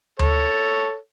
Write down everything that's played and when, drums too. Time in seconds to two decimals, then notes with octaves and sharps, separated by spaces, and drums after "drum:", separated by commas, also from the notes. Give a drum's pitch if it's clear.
0.19 A4 C#5, drum: tom D2